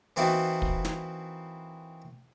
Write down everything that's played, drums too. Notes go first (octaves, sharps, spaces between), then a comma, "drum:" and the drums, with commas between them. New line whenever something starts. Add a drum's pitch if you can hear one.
E3 A#3 C4 D#4 E4 F#4
drum: kick
drum: snare